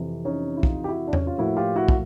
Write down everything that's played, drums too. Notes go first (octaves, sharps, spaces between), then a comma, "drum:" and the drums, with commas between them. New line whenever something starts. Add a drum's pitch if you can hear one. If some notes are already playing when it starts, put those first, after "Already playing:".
Already playing: F2 C3 E3
C#4 D#4
E4
D#4 F4, drum: kick
G4
E4 F#4
D4
C#4, drum: tom E2
F4
A2 F3 A#3 E4 F#4
F4 G4
E4 F#4
drum: kick